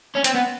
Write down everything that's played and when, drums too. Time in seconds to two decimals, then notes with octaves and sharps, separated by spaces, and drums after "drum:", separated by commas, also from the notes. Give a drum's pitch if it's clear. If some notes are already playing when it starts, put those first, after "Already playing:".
0.15 C#4
0.24 C4, drum: hi-hat
0.34 B3